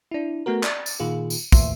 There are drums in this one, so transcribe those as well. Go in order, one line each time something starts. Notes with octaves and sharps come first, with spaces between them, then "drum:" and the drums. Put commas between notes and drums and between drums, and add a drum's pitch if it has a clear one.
D4 E4
A3 B3 F#4 A#4
D5 A6, drum: clap
drum: tambourine
A#2 D#3 F4 G#4
drum: tambourine
A1 D#2 A2 E5 C6, drum: kick, tambourine